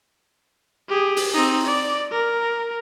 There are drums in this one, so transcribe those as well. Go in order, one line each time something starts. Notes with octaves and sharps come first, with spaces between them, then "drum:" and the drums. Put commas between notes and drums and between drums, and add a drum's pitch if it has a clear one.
G4 G#4
drum: open hi-hat
C4 D#4
D5
A#4